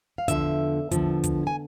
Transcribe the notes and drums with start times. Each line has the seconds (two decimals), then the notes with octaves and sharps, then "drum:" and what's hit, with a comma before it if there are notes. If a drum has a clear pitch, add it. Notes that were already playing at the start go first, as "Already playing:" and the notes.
0.18 F5
0.28 E2 D3 F3 E5, drum: kick, hi-hat
0.91 E2 D3 F3, drum: kick, hi-hat
1.24 drum: kick, hi-hat
1.47 G#5